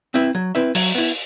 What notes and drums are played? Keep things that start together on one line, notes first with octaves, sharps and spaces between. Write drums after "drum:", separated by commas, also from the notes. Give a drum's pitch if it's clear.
C4 E4 B4 E5
F#3
C4 E4 B4 E5
F#3, drum: open hi-hat
B3 E4